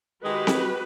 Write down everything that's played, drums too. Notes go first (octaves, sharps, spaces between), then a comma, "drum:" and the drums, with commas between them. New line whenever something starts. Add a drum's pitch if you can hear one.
D#3 G#3 F#4 G4 B4
drum: snare C4